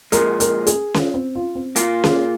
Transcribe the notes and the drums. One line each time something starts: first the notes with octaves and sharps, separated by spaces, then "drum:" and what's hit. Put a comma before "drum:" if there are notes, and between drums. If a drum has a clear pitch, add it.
A#2 F3 G#3 A#4, drum: hi-hat
A#4, drum: hi-hat
G#4, drum: hi-hat
F4, drum: snare C#4
C4
F4
C4
A#2 A#3 F4, drum: hi-hat
G#4, drum: snare C#4